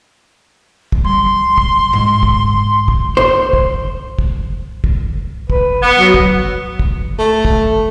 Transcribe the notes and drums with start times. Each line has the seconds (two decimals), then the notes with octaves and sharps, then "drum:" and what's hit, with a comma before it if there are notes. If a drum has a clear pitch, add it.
0.92 drum: kick
1.04 G3 C6
1.58 drum: kick
1.93 G#2
2.23 drum: kick
2.88 drum: kick
3.17 C5
3.53 drum: kick
4.19 drum: kick
4.84 drum: kick
5.50 B4, drum: kick
5.82 B3
5.99 F#3
6.14 drum: kick
6.79 drum: kick
7.18 A3
7.45 drum: kick